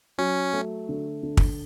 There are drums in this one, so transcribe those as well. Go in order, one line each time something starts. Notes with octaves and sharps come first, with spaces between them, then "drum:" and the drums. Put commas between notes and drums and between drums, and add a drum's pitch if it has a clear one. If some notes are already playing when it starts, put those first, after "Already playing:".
F#3 C#4
A3
D3
D3
drum: kick